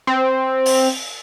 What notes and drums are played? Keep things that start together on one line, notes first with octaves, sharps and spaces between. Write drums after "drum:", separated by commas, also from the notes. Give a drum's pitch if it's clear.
C4
drum: open hi-hat